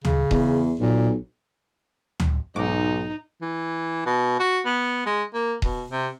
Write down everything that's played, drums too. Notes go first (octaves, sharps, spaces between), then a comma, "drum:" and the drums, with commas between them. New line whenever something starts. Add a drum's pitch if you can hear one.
C#3, drum: tom D2
E2, drum: kick D#1
B1 A#2
drum: tom D2
B1 G#2 D#4 F#4 D6
E3
B2
F#4
B3
G#3
A#3
B2, drum: kick D#1
C3